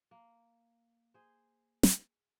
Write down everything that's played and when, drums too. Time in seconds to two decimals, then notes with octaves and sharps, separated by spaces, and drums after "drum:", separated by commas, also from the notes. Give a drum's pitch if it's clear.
0.11 A#3
1.14 G#4 C5
1.83 drum: snare